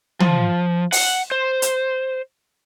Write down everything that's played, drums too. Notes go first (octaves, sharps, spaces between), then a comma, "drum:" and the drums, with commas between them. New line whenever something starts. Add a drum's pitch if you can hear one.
F3, drum: tom
F#5, drum: open hi-hat
C5
drum: hi-hat